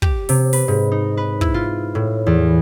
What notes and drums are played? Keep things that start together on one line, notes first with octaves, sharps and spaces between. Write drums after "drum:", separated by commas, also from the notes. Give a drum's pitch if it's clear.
G4, drum: kick
C3, drum: open hi-hat
B4, drum: open hi-hat
G#2
D#4
B4
E4, drum: kick
F4
A2
E2